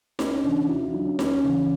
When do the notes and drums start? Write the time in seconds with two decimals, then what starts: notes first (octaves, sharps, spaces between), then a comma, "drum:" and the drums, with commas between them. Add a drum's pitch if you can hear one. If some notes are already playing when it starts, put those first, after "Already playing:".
0.19 D2 C#4 D#4, drum: snare D#4
0.44 C3 E3 D4
0.68 D#2 E4 F#4
0.81 D#4 F4
0.94 D3 F#3 D4
1.07 C#4
1.19 D#2 C#4, drum: snare D#4
1.44 C#3 E3